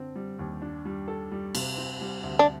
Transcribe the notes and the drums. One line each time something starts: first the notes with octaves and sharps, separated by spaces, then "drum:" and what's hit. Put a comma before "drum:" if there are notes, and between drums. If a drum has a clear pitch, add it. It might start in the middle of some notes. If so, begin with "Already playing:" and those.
Already playing: D3 C4
G3
D#2
D4
G3
A4
G3
C3, drum: cymbal
C4
G3
D2
D4